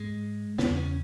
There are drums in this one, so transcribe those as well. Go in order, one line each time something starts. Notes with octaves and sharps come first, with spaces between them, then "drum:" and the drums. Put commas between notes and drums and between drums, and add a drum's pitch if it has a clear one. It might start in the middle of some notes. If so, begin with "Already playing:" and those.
Already playing: G#2 G#3
E2 C#3 B3, drum: snare
C#4